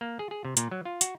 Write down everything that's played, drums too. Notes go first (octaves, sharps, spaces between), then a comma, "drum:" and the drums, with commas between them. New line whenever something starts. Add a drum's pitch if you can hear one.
A#3
G#4
G#4
C3
A#2, drum: hi-hat
F#3
F4
F#4, drum: hi-hat